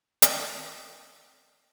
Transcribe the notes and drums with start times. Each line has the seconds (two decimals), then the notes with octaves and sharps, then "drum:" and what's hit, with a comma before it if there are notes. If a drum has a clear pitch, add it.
0.22 D#3 G#6 A6, drum: hi-hat